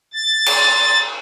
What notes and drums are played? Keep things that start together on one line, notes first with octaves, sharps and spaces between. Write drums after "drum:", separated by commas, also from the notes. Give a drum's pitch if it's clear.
A6
drum: cymbal